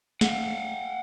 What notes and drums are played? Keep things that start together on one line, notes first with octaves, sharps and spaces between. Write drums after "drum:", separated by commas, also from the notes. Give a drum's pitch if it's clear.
F5 F#5, drum: snare